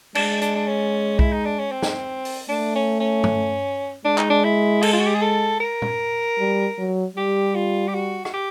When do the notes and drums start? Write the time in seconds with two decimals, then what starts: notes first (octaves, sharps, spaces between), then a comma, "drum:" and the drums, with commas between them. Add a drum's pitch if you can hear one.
0.15 G#3 D4, drum: cymbal
0.42 D4, drum: hi-hat
0.56 D4
0.67 C#4
1.19 E4, drum: kick B1
1.32 D#4
1.45 D4
1.59 C#4
1.71 C4
1.82 drum: snare
2.25 drum: open hi-hat
2.49 A3 D4
2.75 C#4
3.00 C#4
3.24 drum: tom
4.05 G#3 D4
4.18 D#4, drum: clap
4.30 D4
4.44 E4
4.82 A4, drum: cymbal
4.93 F4
4.99 F#4
5.07 G4
5.15 G#4
5.21 A4
5.60 A#4
5.82 drum: tom A#2
6.39 G3
6.78 F#3
7.16 G3 G4
7.55 F4
7.88 G4
7.95 F#4
8.25 F#4, drum: rim click
8.34 G4